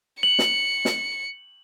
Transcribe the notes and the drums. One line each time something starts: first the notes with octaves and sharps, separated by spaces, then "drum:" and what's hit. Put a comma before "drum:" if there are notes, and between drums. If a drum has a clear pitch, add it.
C#7 F#7
drum: snare
drum: snare